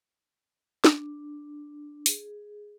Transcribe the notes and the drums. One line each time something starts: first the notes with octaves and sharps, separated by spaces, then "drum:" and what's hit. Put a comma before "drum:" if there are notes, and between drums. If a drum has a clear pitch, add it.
D4, drum: snare
G#4, drum: open hi-hat